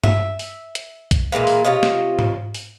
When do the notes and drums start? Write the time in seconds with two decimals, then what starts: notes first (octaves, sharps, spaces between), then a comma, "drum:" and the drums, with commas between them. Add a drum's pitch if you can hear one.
0.04 E5, drum: tom G2
0.39 drum: open hi-hat
0.75 drum: hi-hat
1.11 drum: kick B1, hi-hat
1.32 A#2 E3 G#3 A#3
1.47 drum: open hi-hat
1.65 C3 F4 C#5 D#5
1.83 drum: snare
2.19 drum: tom G#2
2.54 drum: open hi-hat